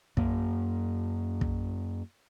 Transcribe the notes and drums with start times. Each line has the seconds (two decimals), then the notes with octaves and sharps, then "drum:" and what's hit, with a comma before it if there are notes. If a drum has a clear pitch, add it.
0.17 F#2 A#3, drum: kick
1.41 drum: kick